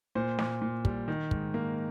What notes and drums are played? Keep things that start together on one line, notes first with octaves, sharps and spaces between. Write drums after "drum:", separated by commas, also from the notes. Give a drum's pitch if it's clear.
A#2 C5
A#2, drum: snare
A#2
G3, drum: kick
D#3
G#2, drum: kick
A#3